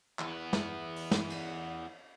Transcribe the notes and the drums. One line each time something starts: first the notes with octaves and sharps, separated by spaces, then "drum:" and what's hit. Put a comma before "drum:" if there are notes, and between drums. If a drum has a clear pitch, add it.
E2 B3, drum: clap
drum: snare
drum: open hi-hat
drum: snare
drum: cymbal